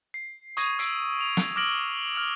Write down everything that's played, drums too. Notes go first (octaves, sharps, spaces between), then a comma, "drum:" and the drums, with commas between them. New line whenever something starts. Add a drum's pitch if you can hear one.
C7
C#6 D#6 G#6 A#6 D#7, drum: hi-hat
E6 B6 C7 D7, drum: hi-hat
F7
drum: snare
D6 E6 F6 A#6 D7 F#7
F6 D7 F7